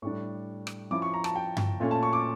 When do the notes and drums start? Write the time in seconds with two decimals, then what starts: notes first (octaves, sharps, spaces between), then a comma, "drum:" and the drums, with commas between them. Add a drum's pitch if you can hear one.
0.02 A2 G3 D4 C#6
0.67 drum: rim click
0.91 F3 C#4 E4 D6
1.02 C#6
1.14 A#5
1.24 A5, drum: rim click
1.36 G5
1.57 drum: tom G2
1.80 A#2 A3 C#4
1.91 A5
2.03 C#6
2.13 D6